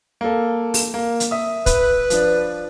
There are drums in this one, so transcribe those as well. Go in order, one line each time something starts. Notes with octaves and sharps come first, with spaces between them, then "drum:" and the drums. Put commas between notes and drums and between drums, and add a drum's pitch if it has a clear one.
A#3 A4
drum: open hi-hat
A#3
drum: hi-hat
E5 D#6
B4, drum: kick, hi-hat
F3 D4, drum: hi-hat